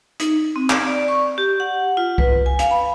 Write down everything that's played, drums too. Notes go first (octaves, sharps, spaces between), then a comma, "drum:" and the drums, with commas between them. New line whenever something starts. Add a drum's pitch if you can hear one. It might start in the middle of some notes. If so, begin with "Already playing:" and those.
D#4, drum: hi-hat
C4
drum: clap
D5
C#6
G4
F#5
F4
B4, drum: kick C2
G#5
F5, drum: hi-hat
B5